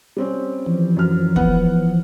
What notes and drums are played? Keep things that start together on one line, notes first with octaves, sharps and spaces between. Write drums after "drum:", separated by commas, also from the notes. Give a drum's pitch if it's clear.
G3 C4 C#4
E3 F3
F#2 F6
B3 F#5, drum: kick